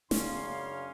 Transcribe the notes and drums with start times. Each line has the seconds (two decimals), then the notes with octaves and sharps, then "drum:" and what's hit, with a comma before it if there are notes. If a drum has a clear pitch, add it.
0.11 F#2 C#3 C#4 D4 F5 C6, drum: snare